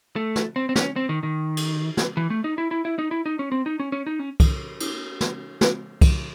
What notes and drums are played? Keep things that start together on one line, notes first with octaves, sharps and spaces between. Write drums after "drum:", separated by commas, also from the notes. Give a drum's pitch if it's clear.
A3
drum: snare
C4
C4
C#4, drum: snare
C4
D#3
D#3
drum: cymbal
drum: snare
E3
A3
D#4
E4
E4
E4
D#4
E4
D#4
C#4
C4
D#4
C#4
C#4
D#4
C#4
drum: kick, cymbal
drum: cymbal
drum: snare
drum: snare
drum: kick, cymbal